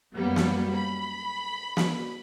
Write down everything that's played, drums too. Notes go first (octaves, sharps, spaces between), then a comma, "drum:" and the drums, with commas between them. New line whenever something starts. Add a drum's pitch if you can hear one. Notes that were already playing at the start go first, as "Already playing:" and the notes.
F#2 F#3 G3 A#3 B3
drum: snare
B5
drum: snare